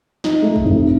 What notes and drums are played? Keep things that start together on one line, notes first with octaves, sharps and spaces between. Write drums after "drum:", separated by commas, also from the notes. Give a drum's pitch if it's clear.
D#4, drum: snare
A3
drum: kick
F1